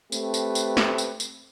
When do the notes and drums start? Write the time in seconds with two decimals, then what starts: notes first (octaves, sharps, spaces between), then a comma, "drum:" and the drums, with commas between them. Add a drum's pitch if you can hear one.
0.12 A3 C4 G4 B4, drum: tambourine
0.34 drum: tambourine
0.55 drum: tambourine
0.77 drum: snare
0.98 drum: tambourine
1.20 drum: tambourine